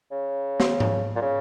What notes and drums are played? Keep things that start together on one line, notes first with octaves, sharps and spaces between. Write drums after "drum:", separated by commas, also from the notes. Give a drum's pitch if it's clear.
C#3
drum: snare
drum: tom G#2
A#2
C#3